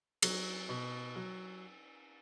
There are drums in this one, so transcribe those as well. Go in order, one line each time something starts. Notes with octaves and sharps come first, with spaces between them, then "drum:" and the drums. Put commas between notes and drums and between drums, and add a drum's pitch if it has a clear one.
F#3, drum: cymbal
B2
F#3